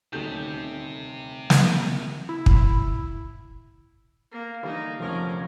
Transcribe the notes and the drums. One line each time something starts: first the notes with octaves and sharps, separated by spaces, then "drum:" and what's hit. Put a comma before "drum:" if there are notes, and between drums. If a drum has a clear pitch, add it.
D#1 D2 C3 D#4 G4 A4 G6
drum: snare
E4
drum: kick
A#3
D3 E3 G3 A#3 D#4
F1 D2 F3 C#4 A#4